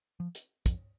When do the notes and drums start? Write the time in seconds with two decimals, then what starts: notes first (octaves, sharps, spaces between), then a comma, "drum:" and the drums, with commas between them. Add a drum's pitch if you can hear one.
0.20 F3
0.35 drum: hi-hat
0.66 F2, drum: kick, hi-hat